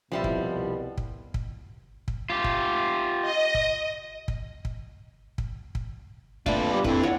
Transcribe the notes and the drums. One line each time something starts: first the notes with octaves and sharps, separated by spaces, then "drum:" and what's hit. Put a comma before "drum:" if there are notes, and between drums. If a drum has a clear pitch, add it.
C2 B2 F3 G3 E4
drum: kick
drum: kick
drum: kick
drum: kick
F4 G4
drum: kick
D#5
drum: kick
drum: kick
drum: kick
drum: kick
drum: kick
F2 A3 A#3 D4 F4 B4 E5, drum: kick
G3 B3 G4
F2 D4 E4 B4, drum: kick
F4 A#4 C#5 F#5